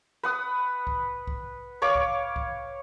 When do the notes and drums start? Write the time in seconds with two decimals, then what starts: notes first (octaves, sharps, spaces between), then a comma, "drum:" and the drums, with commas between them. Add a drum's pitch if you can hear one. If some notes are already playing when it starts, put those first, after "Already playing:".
0.23 B4 F#5 D#6
0.87 drum: kick B1
1.27 drum: kick B1
1.82 C#5 F5 C#6 D6
1.95 drum: kick B1
2.36 drum: kick B1